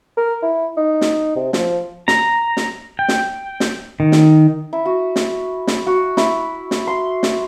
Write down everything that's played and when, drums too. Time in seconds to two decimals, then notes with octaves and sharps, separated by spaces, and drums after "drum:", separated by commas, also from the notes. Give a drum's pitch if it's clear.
0.17 A#4
0.42 E4
0.77 D#4
1.01 drum: snare
1.36 C3
1.53 F3, drum: snare
2.08 A#5, drum: snare
2.57 drum: snare
2.99 G5
3.09 drum: snare
3.60 drum: snare
4.00 D#3
4.12 drum: snare
4.73 E4
4.85 F#4
5.16 drum: snare
5.67 drum: snare
5.87 F#4
6.17 E4, drum: snare
6.71 drum: snare
6.87 C6
7.23 drum: snare